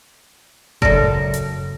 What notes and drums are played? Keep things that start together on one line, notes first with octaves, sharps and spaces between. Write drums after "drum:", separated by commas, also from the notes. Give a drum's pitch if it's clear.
F#2 C#3 A4 D5 A#6, drum: kick F#1
drum: hi-hat